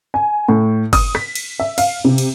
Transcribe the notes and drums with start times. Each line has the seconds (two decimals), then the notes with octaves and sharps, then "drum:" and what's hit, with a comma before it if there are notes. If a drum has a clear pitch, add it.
0.14 G#5
0.49 A2
0.93 D#6, drum: kick G1, cymbal
1.15 B6, drum: rim click
1.35 drum: cymbal
1.60 E5
1.78 F5, drum: cymbal
2.05 C3
2.18 drum: cymbal